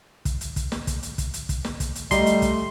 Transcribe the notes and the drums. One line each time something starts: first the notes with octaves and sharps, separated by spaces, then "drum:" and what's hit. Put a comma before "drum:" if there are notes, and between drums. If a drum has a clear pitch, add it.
drum: kick, hi-hat
drum: hi-hat
drum: kick, hi-hat
drum: snare
drum: kick, hi-hat
drum: hi-hat
drum: kick, hi-hat
drum: hi-hat
drum: kick, hi-hat
drum: snare
drum: kick, hi-hat
drum: hi-hat
G3 A3 G4 D#5 A#5 C6, drum: kick, hi-hat
drum: hi-hat
drum: kick, hi-hat